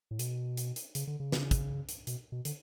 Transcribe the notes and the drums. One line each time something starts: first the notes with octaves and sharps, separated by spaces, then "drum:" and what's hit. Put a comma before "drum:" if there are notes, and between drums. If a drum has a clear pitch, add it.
A2
B2, drum: hi-hat
drum: hi-hat
drum: hi-hat
C#3, drum: hi-hat
D3
C#3
drum: snare
drum: kick, hi-hat
drum: hi-hat
B2, drum: hi-hat
B2
D3, drum: hi-hat